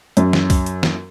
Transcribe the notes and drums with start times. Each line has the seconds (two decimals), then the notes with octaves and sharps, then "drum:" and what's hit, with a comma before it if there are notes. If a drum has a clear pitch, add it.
0.17 F#2, drum: hi-hat
0.33 drum: snare
0.50 drum: kick C2, open hi-hat
0.66 drum: hi-hat
0.83 drum: snare